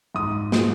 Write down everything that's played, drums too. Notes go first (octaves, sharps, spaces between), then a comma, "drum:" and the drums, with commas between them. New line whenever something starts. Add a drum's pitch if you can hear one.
G#2 D#6
F3 G#3, drum: snare